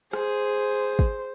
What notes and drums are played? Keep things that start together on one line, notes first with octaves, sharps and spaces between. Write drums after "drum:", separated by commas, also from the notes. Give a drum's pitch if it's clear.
G#4 C5, drum: rim click
drum: kick